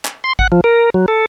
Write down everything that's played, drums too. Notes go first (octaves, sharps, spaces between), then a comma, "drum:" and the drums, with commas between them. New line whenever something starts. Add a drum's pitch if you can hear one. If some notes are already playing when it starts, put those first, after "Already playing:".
drum: clap
C6
F#5, drum: kick G#1
F3
A#4
F#3
A4